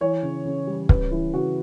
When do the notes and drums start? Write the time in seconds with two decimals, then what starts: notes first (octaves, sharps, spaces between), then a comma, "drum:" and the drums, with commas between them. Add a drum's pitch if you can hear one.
0.01 E3 C#5
0.23 C#3
0.45 C#3
0.67 G3
0.89 C#3 B4, drum: kick
1.11 E3 E4
1.34 C#3 F#4